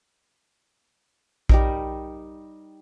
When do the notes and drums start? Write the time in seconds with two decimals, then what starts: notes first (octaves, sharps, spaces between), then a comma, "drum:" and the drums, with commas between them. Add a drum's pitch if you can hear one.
1.49 G3 D#4 A#4, drum: kick A#1